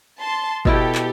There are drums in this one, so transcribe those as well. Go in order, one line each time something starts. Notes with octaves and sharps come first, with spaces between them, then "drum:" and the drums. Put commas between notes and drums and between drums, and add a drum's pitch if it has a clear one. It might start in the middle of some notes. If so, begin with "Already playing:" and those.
A5 C6
B2 E4 G4 A4 G5, drum: kick
drum: clap